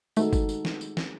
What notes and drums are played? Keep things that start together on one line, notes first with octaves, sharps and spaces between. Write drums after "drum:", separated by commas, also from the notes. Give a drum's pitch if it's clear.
D#3 G#3 A3 D#4 F#4 A4, drum: tambourine
drum: kick G1, tambourine
drum: tambourine
drum: snare
drum: tambourine
drum: snare